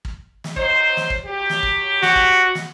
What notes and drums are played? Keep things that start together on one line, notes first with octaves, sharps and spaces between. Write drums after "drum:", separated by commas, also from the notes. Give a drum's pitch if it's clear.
drum: kick
drum: snare
F#3 D#4 C5, drum: kick
drum: snare
drum: kick
F#3 G4
drum: snare
drum: kick
F#4, drum: snare
drum: kick
drum: snare